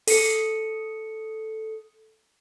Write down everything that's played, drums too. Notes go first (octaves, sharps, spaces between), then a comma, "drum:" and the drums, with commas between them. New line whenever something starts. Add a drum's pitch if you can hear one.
A4 C#7, drum: open hi-hat